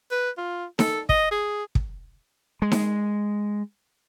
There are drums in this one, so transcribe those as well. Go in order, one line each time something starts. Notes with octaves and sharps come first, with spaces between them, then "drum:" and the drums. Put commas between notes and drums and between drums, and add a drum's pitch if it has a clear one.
B4
F4
A4, drum: snare D#4
D#5, drum: kick
G#4
drum: kick
G#3
drum: snare D#4